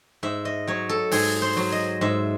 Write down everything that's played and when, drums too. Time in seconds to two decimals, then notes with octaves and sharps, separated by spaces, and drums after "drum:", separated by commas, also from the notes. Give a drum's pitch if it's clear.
0.23 G#2 E5
0.45 D#5
0.67 F#3 C#5
0.89 A4
1.11 G#2 G#4, drum: open hi-hat
1.42 C5
1.57 F#3
1.72 D#5
2.01 G#2 E5